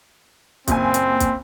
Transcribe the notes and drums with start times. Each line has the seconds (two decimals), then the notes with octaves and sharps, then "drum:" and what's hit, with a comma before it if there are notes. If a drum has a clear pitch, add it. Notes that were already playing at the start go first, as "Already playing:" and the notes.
0.68 F#1 A#2 C4 G#5, drum: kick, hi-hat
0.94 drum: hi-hat
1.20 drum: kick, hi-hat